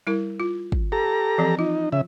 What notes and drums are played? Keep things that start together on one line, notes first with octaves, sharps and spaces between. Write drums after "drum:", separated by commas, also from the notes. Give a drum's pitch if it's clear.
G3 E4 A#4
F4
drum: kick
G4 A4 A#5
E3 F3 C4
D#4 F4
C#3 E5